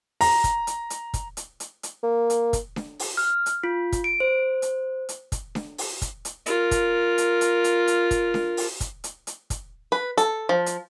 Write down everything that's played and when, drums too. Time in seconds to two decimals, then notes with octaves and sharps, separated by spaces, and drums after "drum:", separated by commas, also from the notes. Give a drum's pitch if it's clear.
0.21 A#5, drum: open hi-hat
0.44 drum: kick, hi-hat
0.67 drum: hi-hat
0.90 drum: hi-hat
1.14 drum: kick, hi-hat
1.37 drum: hi-hat
1.60 drum: hi-hat
1.83 drum: hi-hat
2.03 A#3
2.30 drum: hi-hat
2.53 drum: kick, hi-hat
2.76 drum: snare D4
2.99 drum: open hi-hat
3.17 F6
3.46 drum: hi-hat
3.64 F4
3.92 drum: kick, hi-hat
4.04 D7
4.20 C5
4.62 drum: hi-hat
5.09 drum: hi-hat
5.32 drum: kick, hi-hat
5.55 drum: snare D4
5.78 drum: open hi-hat
6.02 drum: kick, hi-hat
6.25 drum: hi-hat
6.46 F4 A#4, drum: hi-hat
6.71 drum: kick, hi-hat
7.18 drum: hi-hat
7.41 drum: hi-hat
7.64 drum: hi-hat
7.87 drum: hi-hat
8.11 drum: kick, hi-hat
8.34 drum: snare D4
8.57 drum: open hi-hat
8.80 drum: kick, hi-hat
9.04 drum: hi-hat
9.27 drum: hi-hat
9.50 drum: kick, hi-hat
9.92 B4
10.18 A4, drum: hi-hat
10.49 F3
10.66 drum: hi-hat